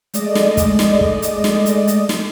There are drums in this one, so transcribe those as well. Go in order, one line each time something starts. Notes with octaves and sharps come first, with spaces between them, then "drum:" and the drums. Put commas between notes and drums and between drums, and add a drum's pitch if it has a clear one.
G#3 A3 D5 D#5, drum: hi-hat
drum: snare
drum: kick, hi-hat
drum: snare
drum: kick
drum: hi-hat
drum: snare
drum: hi-hat
drum: hi-hat
drum: snare